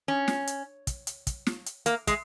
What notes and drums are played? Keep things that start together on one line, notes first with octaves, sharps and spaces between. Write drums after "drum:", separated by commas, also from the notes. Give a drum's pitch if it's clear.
C#4
drum: snare
drum: hi-hat
drum: kick, hi-hat
drum: hi-hat
drum: kick, hi-hat
drum: snare
drum: hi-hat
A#3, drum: hi-hat
G#3, drum: kick, hi-hat